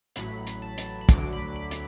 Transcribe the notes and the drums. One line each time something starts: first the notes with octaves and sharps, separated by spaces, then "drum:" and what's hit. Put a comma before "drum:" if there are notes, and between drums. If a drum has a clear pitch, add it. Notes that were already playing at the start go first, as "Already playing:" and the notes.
A1 A2 F#3 B5, drum: hi-hat
drum: hi-hat
A5
drum: hi-hat
B5
D2 D3 F#3 D6, drum: kick, hi-hat
B5
B5
drum: hi-hat